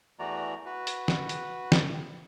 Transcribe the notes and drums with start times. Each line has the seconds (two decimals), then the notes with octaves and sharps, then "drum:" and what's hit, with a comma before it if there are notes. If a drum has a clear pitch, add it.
0.19 E2 E3 A3 F#4 D5 A#5
0.66 F#4 B4
0.87 drum: hi-hat
1.08 drum: snare
1.29 drum: hi-hat
1.72 drum: snare